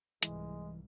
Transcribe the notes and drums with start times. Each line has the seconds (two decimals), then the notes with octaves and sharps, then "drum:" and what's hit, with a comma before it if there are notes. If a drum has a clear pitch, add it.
0.23 C2 G#2 E3 G#3, drum: hi-hat